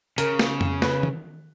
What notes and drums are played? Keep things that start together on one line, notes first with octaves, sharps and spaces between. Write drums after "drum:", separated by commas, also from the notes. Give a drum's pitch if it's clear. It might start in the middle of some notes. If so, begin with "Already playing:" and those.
C#3 A#4, drum: hi-hat
drum: snare
drum: tom F2
B4, drum: snare
drum: tom D#3